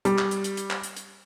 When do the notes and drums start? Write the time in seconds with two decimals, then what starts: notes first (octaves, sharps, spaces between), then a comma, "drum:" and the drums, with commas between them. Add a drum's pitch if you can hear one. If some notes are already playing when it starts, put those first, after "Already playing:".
0.05 G3, drum: hi-hat
0.18 drum: clap
0.31 drum: hi-hat
0.44 drum: hi-hat
0.57 drum: hi-hat
0.70 drum: clap
0.83 drum: hi-hat
0.97 drum: hi-hat